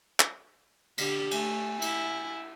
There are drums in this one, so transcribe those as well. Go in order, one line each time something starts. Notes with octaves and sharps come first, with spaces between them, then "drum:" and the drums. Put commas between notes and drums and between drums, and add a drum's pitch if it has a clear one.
drum: clap
D3 G4, drum: cymbal
A3 G#5, drum: cymbal
E4, drum: cymbal